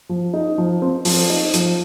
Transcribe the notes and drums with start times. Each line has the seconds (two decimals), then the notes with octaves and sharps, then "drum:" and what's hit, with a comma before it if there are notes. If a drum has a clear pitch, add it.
0.09 F3
0.34 D#4
0.58 F3
0.82 C4
1.05 F3, drum: open hi-hat
1.30 D#4
1.54 F3, drum: hi-hat